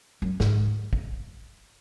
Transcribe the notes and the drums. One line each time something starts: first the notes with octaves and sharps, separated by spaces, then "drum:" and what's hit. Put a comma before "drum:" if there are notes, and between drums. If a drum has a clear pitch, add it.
F#2
G#2, drum: snare
drum: kick